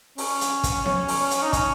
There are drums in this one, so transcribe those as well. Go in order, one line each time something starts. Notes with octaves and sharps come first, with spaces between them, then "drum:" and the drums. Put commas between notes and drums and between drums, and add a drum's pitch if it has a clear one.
C#4, drum: open hi-hat
drum: hi-hat
drum: kick, hi-hat
C#5, drum: snare B3
drum: open hi-hat
drum: hi-hat
D#4
C#4, drum: kick, hi-hat